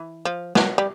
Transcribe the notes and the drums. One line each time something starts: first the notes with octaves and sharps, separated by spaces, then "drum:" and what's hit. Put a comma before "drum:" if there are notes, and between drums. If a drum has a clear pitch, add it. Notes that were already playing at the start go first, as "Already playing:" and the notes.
Already playing: E3
F3
F#3, drum: snare
G3